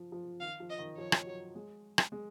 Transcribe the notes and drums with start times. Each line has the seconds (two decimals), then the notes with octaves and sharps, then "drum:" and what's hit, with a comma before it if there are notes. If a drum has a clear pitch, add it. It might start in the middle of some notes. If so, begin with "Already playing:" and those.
Already playing: F3
0.12 F3
0.40 D#3 F5
0.60 F3
0.70 D#5
0.79 D#3
0.97 F3 C#5
1.12 drum: rim click
1.26 F#3
1.55 G#3
1.98 drum: rim click
2.12 G#3